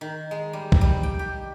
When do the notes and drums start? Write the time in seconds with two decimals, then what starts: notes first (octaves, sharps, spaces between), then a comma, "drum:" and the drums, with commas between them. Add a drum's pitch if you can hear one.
0.01 D#3
0.31 G#3
0.53 G3
0.72 drum: kick
0.81 G3
1.03 G5
1.19 G4